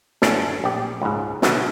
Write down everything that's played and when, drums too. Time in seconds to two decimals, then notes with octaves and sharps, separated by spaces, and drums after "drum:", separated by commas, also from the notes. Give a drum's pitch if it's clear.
0.22 F#2 A2 D3 A3 C#4 D4, drum: snare
0.64 A#1 G4
1.01 C#2 G#2
1.42 B2 D3 D#3 F#3 A3, drum: snare